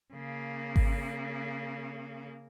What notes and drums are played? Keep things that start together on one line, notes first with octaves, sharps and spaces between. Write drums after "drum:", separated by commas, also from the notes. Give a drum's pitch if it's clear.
C#3 A#3
drum: kick G#1